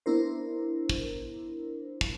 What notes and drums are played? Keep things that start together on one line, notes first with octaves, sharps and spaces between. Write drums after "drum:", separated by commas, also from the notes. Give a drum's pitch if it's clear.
B3 D4 E4 A#4 C5
drum: kick
drum: kick